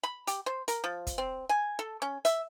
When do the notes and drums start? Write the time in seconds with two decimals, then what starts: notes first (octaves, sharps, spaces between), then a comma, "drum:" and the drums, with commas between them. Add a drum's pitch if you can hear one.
0.03 B5
0.27 G4, drum: hi-hat
0.46 C5
0.68 A#4, drum: hi-hat
0.84 F3
1.07 drum: kick, hi-hat
1.18 C4
1.49 G#5
1.79 A4
2.02 C#4
2.25 E5, drum: hi-hat